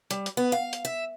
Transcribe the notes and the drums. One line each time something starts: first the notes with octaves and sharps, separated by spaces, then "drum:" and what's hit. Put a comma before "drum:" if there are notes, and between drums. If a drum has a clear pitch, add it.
G3, drum: hi-hat
drum: hi-hat
B3
F5
drum: hi-hat
E5